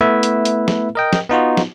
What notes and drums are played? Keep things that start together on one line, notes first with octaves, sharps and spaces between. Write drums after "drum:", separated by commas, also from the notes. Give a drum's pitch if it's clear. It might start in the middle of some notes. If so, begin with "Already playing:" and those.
A3 B3 E4 B4 E5
drum: hi-hat
drum: hi-hat
drum: snare
A#4 D#5 G5
drum: snare
B3 D#4 F4 F#4
drum: snare